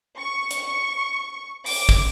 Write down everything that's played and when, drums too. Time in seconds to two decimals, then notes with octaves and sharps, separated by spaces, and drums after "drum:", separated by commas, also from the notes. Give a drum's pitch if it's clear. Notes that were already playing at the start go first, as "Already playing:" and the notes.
0.17 C#6
0.51 drum: hi-hat
1.66 D6, drum: open hi-hat
1.89 drum: kick